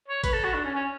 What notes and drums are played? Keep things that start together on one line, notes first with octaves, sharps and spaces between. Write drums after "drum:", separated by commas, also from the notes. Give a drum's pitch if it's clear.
C#5
B4, drum: kick, hi-hat
A4
F#4
D4
C#4
C#4